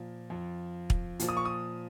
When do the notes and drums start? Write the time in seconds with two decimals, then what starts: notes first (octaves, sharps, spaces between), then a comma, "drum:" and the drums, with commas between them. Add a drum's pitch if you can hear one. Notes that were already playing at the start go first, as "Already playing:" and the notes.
Already playing: A#2 F3
0.30 F2 F3
0.90 drum: kick
1.20 A#2 F3, drum: hi-hat
1.29 D#6
1.37 C#6
1.45 D#6